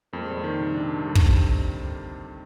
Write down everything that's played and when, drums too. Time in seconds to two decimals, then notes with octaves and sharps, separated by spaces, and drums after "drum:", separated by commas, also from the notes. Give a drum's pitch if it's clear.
0.13 F2 A#3
0.21 G#3
0.29 G3
0.38 G#3
0.44 D#3
0.59 C3
0.75 C3 D4
1.05 D3 G3
1.15 drum: kick